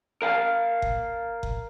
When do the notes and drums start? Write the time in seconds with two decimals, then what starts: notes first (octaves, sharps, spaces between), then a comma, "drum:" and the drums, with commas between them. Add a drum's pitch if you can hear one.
0.22 A#4 F5 G5 A5
0.82 drum: kick F#1
1.43 drum: kick F#1